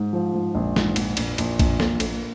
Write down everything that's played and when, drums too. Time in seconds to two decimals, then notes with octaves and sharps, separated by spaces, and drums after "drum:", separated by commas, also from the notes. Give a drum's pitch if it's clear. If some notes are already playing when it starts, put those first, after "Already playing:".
Already playing: G#2
0.13 F3
0.34 G#2
0.55 A#1
0.76 G#2, drum: snare
0.96 A#1, drum: cymbal
1.17 A#1, drum: cymbal
1.38 A#1, drum: cymbal
1.59 A#1, drum: kick A#1, cymbal
1.80 A#3, drum: snare
2.00 A#3, drum: cymbal